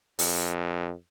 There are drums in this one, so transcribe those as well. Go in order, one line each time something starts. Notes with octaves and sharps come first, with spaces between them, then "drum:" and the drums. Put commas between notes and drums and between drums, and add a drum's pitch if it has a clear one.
F2, drum: open hi-hat